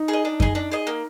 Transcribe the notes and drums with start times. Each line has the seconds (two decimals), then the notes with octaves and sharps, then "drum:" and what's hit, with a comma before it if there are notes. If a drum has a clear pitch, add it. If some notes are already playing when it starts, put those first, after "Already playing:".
Already playing: D#4
0.08 G#4
0.13 D#5
0.25 D4
0.40 G#4 D#5, drum: kick F#2
0.55 D4
0.72 G#4 D#5
0.87 A#3